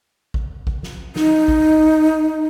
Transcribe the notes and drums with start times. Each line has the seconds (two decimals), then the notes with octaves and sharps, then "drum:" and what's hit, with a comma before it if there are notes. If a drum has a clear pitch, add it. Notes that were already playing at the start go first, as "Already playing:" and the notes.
0.34 drum: kick A1
0.67 drum: kick A1
0.83 drum: snare
1.16 D#4, drum: snare
1.48 drum: kick A1